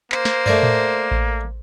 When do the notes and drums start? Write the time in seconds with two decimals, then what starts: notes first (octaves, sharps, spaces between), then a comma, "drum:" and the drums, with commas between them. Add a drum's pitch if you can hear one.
0.12 A#3 C5, drum: clap
0.25 drum: snare
0.46 A3 A#4 D5, drum: tom
0.63 drum: tom A2
1.11 drum: kick A1